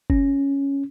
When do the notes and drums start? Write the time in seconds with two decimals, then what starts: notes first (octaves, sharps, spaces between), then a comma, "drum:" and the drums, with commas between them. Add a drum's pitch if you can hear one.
0.10 C#4, drum: kick F#1